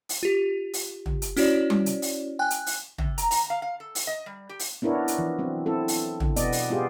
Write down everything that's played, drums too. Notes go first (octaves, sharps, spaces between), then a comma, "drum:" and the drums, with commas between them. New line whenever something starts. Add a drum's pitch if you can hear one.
drum: open hi-hat
F4 G4
drum: open hi-hat
drum: tom
drum: hi-hat
C#4 E4 F#4 C#5 D5, drum: open hi-hat
drum: tom G3
drum: hi-hat
drum: open hi-hat
G5 G#5 F#6
drum: hi-hat
drum: open hi-hat
C3, drum: tom
A#5, drum: hi-hat
A#5, drum: open hi-hat
F5
F5
A4
drum: open hi-hat
D#5
G3
G4
drum: open hi-hat
B3 D4 E4 A#4 C#5
drum: hi-hat
E3 F3
F#3 C4
C4 E4 A4
drum: open hi-hat
drum: tom
B2 B3 D5 D#5, drum: hi-hat
drum: open hi-hat
B3 F4 G4 G#4